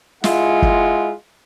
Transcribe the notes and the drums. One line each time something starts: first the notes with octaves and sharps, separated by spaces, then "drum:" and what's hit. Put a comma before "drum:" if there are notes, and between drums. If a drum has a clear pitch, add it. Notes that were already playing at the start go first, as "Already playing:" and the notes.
G#3 E4 F4 F#5, drum: snare
drum: kick